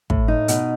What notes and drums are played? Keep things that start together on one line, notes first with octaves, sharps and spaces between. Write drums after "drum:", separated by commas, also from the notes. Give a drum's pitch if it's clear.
A2, drum: kick
D#4
B2, drum: hi-hat